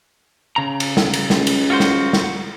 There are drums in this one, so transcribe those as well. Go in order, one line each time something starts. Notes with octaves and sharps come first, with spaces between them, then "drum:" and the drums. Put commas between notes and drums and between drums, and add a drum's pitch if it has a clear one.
C#3 A#5
drum: cymbal
drum: snare
drum: cymbal
C#2, drum: snare
drum: cymbal
F4 F#4 C5
drum: snare
drum: snare